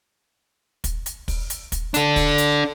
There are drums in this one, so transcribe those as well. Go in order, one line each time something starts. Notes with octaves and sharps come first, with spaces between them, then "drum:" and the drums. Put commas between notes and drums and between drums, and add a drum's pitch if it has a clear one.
drum: kick, hi-hat
drum: hi-hat
drum: kick, open hi-hat
drum: hi-hat
drum: kick, hi-hat
D4 A4, drum: hi-hat
drum: kick, open hi-hat
drum: hi-hat